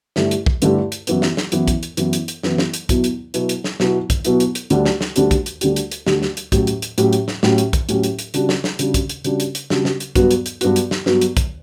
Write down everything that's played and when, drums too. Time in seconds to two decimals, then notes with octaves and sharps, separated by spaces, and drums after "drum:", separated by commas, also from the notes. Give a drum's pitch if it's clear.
0.16 G2 D3 A3 E4 G4, drum: snare
0.31 drum: hi-hat
0.46 drum: kick
0.62 G2 D3 A3 E4 G4, drum: hi-hat
0.92 drum: hi-hat
1.07 F#2 E3 B3, drum: hi-hat
1.22 drum: snare
1.37 drum: snare
1.52 F#2 E3 B3, drum: hi-hat
1.68 drum: kick, hi-hat
1.83 drum: hi-hat
1.97 F#2 E3 B3, drum: hi-hat
2.13 drum: hi-hat
2.28 drum: hi-hat
2.43 F#2 E3 B3, drum: snare
2.58 drum: snare
2.74 drum: hi-hat
2.89 B2 F#3 B3 E4, drum: kick, hi-hat
3.04 drum: hi-hat
3.34 B2 F#3 B3 E4, drum: hi-hat
3.49 drum: hi-hat
3.64 drum: snare
3.80 B2 F#3 B3 E4, drum: snare
4.10 drum: kick, hi-hat
4.24 B2 F#3 B3 E4, drum: hi-hat
4.40 drum: hi-hat
4.55 drum: hi-hat
4.70 D2 D3 G3 D4 G4, drum: hi-hat
4.86 drum: snare
5.01 drum: snare
5.16 D2 D3 G3 D4 G4, drum: hi-hat
5.31 drum: kick, hi-hat
5.46 drum: hi-hat
5.61 D2 D3 G3 D4 G4, drum: hi-hat
5.76 drum: hi-hat
5.91 drum: hi-hat
6.06 D2 D3 G3 D4 G4, drum: snare
6.22 drum: snare
6.37 drum: hi-hat
6.52 A2 F#3 C#4 G4, drum: kick, hi-hat
6.67 drum: hi-hat
6.82 drum: hi-hat
6.98 A2 F#3 C#4 G4, drum: hi-hat
7.13 drum: hi-hat
7.28 drum: snare
7.43 A2 F#3 C#4 G4, drum: snare
7.58 drum: hi-hat
7.73 drum: kick, hi-hat
7.89 A2 F#3 C#4 G4, drum: hi-hat
8.03 drum: hi-hat
8.19 drum: hi-hat
8.34 C#3 G3 D4 F#4, drum: hi-hat
8.49 drum: snare
8.64 drum: snare
8.79 C#3 G3 D4 F#4, drum: hi-hat
8.94 drum: kick, hi-hat
9.09 drum: hi-hat
9.24 C#3 G3 D4 F#4, drum: hi-hat
9.40 drum: hi-hat
9.55 drum: hi-hat
9.70 C#3 G3 D4 F#4, drum: snare
9.85 drum: snare
10.00 drum: hi-hat
10.15 G2 F#3 B3 F#4, drum: kick, hi-hat
10.31 drum: hi-hat
10.46 drum: hi-hat
10.61 G2 F#3 B3 F#4, drum: hi-hat
10.76 drum: hi-hat
10.91 drum: snare
11.06 G2 F#3 B3 F#4, drum: snare
11.21 drum: hi-hat
11.37 drum: kick, hi-hat